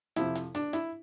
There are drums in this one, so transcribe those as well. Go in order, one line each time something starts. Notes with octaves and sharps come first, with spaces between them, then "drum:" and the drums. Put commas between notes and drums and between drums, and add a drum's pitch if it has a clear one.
F2 C3 F3 E4, drum: hi-hat
drum: hi-hat
D4, drum: hi-hat
E4, drum: hi-hat